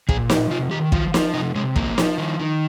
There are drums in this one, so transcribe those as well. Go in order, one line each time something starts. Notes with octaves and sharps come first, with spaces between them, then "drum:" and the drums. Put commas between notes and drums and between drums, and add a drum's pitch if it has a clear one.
A#2 G#4, drum: kick
F3 G4, drum: snare
C3 F4
D#3 G4
F3 F4, drum: kick
F3, drum: snare
C3 D#4
C3 G#3
F3 A#3, drum: kick
F3, drum: snare
D#3
D#3